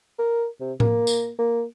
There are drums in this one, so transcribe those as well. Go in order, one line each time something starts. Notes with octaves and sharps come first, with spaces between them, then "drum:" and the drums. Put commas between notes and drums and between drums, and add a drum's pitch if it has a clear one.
A#4
C3
A#3, drum: tom A2
drum: tambourine
A#3